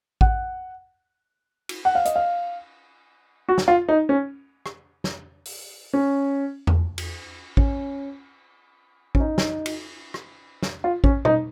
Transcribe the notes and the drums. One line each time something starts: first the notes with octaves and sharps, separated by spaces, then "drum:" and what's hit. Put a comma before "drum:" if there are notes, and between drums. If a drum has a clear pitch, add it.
F#5, drum: kick A1
drum: cymbal
F#5
F5
D#5, drum: hi-hat
F5
F#4
drum: snare
F4
D#4
C#4
drum: rim click
drum: snare
drum: open hi-hat
C#4
drum: tom E2
drum: cymbal
C#4, drum: kick A1
C#4, drum: kick A1
D#4
drum: snare
drum: cymbal
drum: rim click
drum: snare
F4
C#4, drum: kick A1
D#4, drum: tom B2